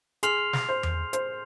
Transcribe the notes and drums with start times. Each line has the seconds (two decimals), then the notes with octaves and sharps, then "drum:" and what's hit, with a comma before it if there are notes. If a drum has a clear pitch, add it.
0.23 G#4 C6 F6 C7 F7, drum: hi-hat
0.53 drum: snare
0.69 C5
0.83 drum: tom E2
1.13 C5, drum: hi-hat